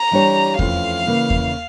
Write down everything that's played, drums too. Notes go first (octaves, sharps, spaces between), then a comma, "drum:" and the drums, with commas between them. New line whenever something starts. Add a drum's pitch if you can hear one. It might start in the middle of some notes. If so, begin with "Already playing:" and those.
Already playing: A#5
E3 G3 D4 G4 C#5
F2 E3 A3 C#4 F4 F5, drum: kick E2
C#3 E3 A#3
drum: kick E2